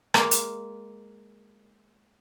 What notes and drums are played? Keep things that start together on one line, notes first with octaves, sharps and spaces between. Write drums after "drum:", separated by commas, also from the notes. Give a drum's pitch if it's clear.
G#3 A#3 F5, drum: rim click
drum: hi-hat